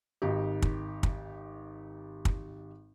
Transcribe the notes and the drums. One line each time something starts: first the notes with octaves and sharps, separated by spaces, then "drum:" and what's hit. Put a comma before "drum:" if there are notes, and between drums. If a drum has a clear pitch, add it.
G#1 D#4 G4
drum: kick
drum: kick
drum: kick